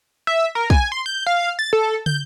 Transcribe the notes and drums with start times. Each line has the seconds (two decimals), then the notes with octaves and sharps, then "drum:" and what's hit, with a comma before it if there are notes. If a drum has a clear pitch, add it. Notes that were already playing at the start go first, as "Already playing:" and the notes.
0.27 E5
0.55 A#4
0.70 G#5, drum: kick
0.92 C6
1.06 G6
1.27 F5
1.59 A6
1.73 A4
2.06 G6, drum: tom